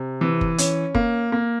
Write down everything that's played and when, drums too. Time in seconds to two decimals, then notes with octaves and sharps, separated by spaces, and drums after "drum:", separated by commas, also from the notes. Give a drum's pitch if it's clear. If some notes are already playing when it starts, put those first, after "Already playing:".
Already playing: C3
0.21 E3
0.41 drum: kick F#1
0.58 C#4, drum: hi-hat
0.95 A#3, drum: kick F#1
1.32 A#3